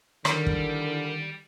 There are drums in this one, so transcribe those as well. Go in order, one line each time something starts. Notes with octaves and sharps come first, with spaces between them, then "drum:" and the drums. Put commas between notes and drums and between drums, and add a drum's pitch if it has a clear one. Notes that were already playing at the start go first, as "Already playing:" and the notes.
D3 D#3 G3 E4 A#4, drum: rim click
drum: kick